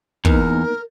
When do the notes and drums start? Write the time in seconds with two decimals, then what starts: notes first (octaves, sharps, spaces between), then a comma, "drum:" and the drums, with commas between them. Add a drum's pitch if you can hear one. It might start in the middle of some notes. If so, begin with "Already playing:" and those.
0.25 E2 A#3 B3 D#4 A#4, drum: kick